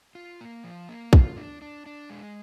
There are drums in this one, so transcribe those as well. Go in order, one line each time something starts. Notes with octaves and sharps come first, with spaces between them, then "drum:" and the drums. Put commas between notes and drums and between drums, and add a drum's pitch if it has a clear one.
F4
A#3
F3
A#3
F4, drum: kick
D4
D4
D4
G#3